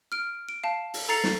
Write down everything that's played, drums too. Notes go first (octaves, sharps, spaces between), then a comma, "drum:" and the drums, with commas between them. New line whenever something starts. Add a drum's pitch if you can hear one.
F6 D7
D7
F5 A5
drum: open hi-hat
A4 A#5 A6 C7 C#7 F7
drum: snare